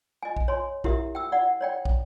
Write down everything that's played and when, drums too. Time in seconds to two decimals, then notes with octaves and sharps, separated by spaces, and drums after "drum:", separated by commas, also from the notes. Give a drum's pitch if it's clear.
0.23 D#5 G#5
0.37 drum: kick
0.48 C#5 G#5 C6
0.84 E4 G4 A#4 E5, drum: kick
1.15 G5 E6
1.32 D5 F#5
1.61 C#5 D5 G5
1.85 drum: kick